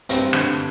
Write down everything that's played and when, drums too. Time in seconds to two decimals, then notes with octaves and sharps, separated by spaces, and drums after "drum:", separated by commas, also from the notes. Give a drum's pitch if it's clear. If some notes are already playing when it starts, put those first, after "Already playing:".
0.09 G2 C4, drum: hi-hat
0.33 D3, drum: rim click